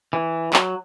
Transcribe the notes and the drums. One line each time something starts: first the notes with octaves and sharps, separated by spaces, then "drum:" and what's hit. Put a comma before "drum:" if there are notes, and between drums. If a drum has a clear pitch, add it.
E3
F#3, drum: clap